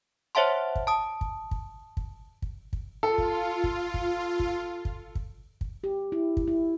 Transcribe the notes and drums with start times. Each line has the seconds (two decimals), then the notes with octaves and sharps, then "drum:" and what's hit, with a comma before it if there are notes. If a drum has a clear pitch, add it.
0.35 C5 C#5 E5 F#5 A5 C6
0.75 drum: kick
0.87 A5 D#6
1.21 drum: kick
1.51 drum: kick
1.97 drum: kick
2.42 drum: kick
2.73 drum: kick
3.03 F4 A4
3.18 drum: kick
3.64 drum: kick
3.94 drum: kick
4.40 drum: kick
4.85 drum: kick
5.15 drum: kick
5.61 drum: kick
5.84 G4
6.12 E4
6.37 drum: kick
6.48 E4